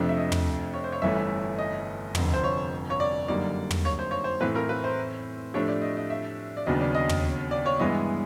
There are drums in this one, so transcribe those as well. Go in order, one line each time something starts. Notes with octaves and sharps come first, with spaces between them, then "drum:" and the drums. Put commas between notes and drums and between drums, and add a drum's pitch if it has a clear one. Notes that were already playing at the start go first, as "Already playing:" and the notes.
Already playing: F2 C3 F3 A3 D4
E5
D#5
drum: tom
C#5
C5
C#5
G1 G2 E3 A3 C#4 E5
D#5
F1 F2 D3, drum: tom
C5
C#5
C#5
D5
F#2 D3 G3 A#3 D#4 D5
drum: tom
C#5
C5
C#5
C5
A2 E3 A3 C4 E4 B4
A#4
B4
C5
A2 F3 A3 D4 G4 C#5
D5
D#5
D#5
E5
D5
D#2 C#3 F#3 B3 D4 D#5
D5
D#5
drum: tom
D5
C#5
G2 E3 G#3 B3 E4 D#5